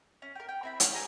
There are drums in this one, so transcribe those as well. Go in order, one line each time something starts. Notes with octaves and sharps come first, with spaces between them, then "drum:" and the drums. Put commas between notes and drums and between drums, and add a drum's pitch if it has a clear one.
C#4
A#4 G5
G5
C4 E4 B5
C#5 F5 F#5, drum: hi-hat
G4 A#4 D#5 G#5